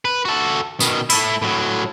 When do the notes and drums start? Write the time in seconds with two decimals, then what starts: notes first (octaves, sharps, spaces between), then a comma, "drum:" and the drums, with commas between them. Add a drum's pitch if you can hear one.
0.05 B4
0.25 F#4 A4
0.80 B2 D#3, drum: tambourine
1.10 A3 E4, drum: open hi-hat
1.42 A2 F#3